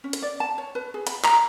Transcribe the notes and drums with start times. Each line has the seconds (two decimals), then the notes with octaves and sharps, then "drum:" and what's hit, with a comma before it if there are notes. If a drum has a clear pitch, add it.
0.04 C#4
0.13 drum: hi-hat
0.22 D5
0.40 A5
0.58 C#5
0.75 B4
0.94 G#4
1.07 B5, drum: hi-hat
1.24 A#5, drum: clap